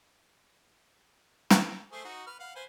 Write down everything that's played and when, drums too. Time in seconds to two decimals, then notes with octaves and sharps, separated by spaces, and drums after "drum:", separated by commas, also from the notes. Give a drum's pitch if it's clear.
1.51 drum: snare
1.92 A3 G#4 C5
2.04 D#4 F#4
2.27 B4 F6
2.40 F5 F#5
2.55 B4 C5 G#5